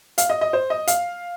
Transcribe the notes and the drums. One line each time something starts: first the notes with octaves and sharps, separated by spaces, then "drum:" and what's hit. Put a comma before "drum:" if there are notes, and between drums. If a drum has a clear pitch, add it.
F5, drum: hi-hat
D#5
D#5
C5
D#5
F5, drum: hi-hat